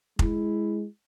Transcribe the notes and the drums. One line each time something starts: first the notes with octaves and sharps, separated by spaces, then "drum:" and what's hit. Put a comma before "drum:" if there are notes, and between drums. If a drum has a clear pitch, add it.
G#3 E4, drum: kick F1